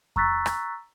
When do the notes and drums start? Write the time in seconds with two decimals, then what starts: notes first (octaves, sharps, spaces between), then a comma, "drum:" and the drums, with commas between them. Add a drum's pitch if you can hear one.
0.16 A#5 C#6 E6 F#6 A6 B6, drum: kick F2
0.46 drum: rim click